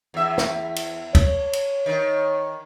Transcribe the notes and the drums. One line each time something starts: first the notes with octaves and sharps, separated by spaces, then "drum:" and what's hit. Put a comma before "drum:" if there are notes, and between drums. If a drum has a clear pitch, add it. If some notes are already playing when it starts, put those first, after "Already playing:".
E2 E5
drum: snare
drum: cymbal
C#5, drum: kick, cymbal
drum: cymbal
D#3